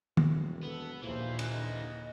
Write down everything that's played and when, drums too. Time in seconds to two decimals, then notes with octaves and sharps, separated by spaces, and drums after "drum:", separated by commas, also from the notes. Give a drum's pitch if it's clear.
0.17 E1, drum: tom D#3
0.63 B3 A4
1.02 A#1 D#2 A#2 E3 E4 C5 F5
1.39 drum: cymbal
1.50 D3 D#5